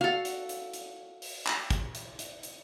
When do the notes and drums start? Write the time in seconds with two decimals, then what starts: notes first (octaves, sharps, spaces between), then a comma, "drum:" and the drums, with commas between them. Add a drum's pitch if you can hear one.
0.01 F#4 A4 F5
0.25 drum: hi-hat
0.49 drum: hi-hat
0.74 drum: hi-hat
1.22 drum: open hi-hat
1.46 drum: clap
1.70 drum: kick, hi-hat
1.95 drum: hi-hat
2.19 drum: hi-hat
2.43 drum: hi-hat